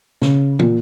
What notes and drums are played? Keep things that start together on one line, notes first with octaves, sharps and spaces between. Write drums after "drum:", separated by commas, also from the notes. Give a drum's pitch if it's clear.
C#3, drum: snare
A#2, drum: tom